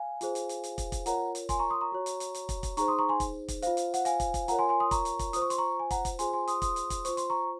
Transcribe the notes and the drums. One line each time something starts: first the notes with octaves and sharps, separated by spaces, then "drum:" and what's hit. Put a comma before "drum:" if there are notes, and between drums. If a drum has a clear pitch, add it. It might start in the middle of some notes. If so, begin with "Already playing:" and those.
Already playing: F5 G#5
F4 G#4 C5, drum: hi-hat
drum: hi-hat
drum: hi-hat
drum: hi-hat
drum: kick, hi-hat
drum: kick, hi-hat
F4 A#4 C#5 F#5 A#5, drum: hi-hat
drum: hi-hat
G#5 C6, drum: kick, hi-hat
A#5 C#6
C6 D#6
A#5 C#6
F#4 C#5
drum: hi-hat
drum: hi-hat
drum: hi-hat
drum: kick, hi-hat
drum: kick, hi-hat
D#4 G#4 C5 A#5 C#6, drum: hi-hat
C6 D#6
A#5 C#6
G#5 C6
drum: kick, hi-hat
drum: kick, hi-hat
F4 C5 F5, drum: hi-hat
drum: hi-hat
F#5, drum: hi-hat
F5 G#5, drum: hi-hat
drum: kick, hi-hat
drum: kick, hi-hat
F4 A#4 C#5 F#5 A#5, drum: hi-hat
G#5 C6
G#5 C6
C6 D#6
A#5 C#6, drum: kick, hi-hat
drum: hi-hat
drum: kick, hi-hat
F4 C5 D#6, drum: hi-hat
C#6
C6, drum: hi-hat
A#5 C#6
G#5
F#5 A#5, drum: kick, hi-hat
drum: kick, hi-hat
F4 G#4 C5 G#5 C6, drum: hi-hat
G#5 C6
C6 D#6, drum: hi-hat
C6 D#6, drum: kick, hi-hat
drum: hi-hat
drum: kick, hi-hat
F4 C5 C#6, drum: hi-hat
C6, drum: hi-hat
A#5 C#6